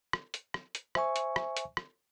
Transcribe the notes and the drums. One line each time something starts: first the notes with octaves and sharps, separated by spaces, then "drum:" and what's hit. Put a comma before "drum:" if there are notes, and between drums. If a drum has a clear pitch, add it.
drum: rim click
drum: hi-hat
drum: rim click
drum: hi-hat
C5 E5 G#5 C#6, drum: rim click
drum: hi-hat
drum: rim click
drum: hi-hat
drum: rim click